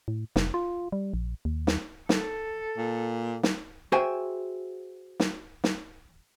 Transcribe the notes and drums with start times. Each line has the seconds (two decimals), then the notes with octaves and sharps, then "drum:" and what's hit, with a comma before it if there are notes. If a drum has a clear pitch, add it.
0.08 A2
0.36 F1, drum: snare
0.54 F4
0.92 G3
1.14 A#1
1.45 D#2
1.67 drum: snare
2.09 A4, drum: snare
2.77 A#2
3.43 drum: snare
3.92 F#4 G#4 C5 E5 G5 G#5
5.20 drum: snare
5.64 drum: snare